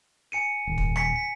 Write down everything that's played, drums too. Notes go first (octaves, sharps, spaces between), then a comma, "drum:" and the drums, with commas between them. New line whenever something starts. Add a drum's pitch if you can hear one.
G#5 C#7 D#7
D#1
drum: kick
G#5 B6 C#7, drum: rim click
B6